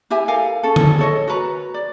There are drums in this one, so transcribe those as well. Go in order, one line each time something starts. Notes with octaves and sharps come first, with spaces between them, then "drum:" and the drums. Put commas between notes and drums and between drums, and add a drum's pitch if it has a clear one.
E4 G4 E5 G#5
A4 A#4 F5 G#5
C#4 A4
drum: tom D3
A4 C#5 D#5
F#4 A#4 B4 A#5
D5